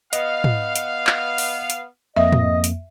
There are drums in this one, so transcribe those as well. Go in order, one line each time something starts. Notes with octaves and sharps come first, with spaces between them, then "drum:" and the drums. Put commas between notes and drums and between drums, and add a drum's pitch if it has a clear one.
B3 D#5 F5, drum: hi-hat
drum: tom
drum: hi-hat
drum: clap
drum: open hi-hat
drum: hi-hat
F2 A#3 D#5 E5
drum: tom
drum: hi-hat